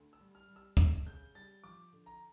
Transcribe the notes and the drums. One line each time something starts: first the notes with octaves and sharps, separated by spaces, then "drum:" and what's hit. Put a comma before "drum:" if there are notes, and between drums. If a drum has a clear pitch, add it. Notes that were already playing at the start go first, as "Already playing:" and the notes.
Already playing: D2
E6
G3
F6
G3
E6
D2 E6, drum: kick
C#3 G6
G3 A6
F3 D6
D3
A#5